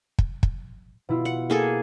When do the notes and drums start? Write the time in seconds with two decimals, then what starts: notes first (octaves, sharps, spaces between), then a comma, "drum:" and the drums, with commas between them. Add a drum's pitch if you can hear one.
0.18 drum: kick
0.43 drum: kick
1.09 B2 E4 F4
1.25 F#5
1.50 A#3 G#4 A4